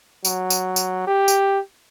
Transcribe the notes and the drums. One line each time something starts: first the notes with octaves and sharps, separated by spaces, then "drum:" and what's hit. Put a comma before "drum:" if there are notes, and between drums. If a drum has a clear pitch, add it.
F#3, drum: tambourine
drum: tambourine
drum: tambourine
G4
drum: tambourine